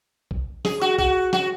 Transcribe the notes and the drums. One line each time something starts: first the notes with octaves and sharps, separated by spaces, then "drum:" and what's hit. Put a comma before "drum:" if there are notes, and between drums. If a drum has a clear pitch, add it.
drum: kick
G#4, drum: snare
F#4
F#4, drum: kick
F#4, drum: snare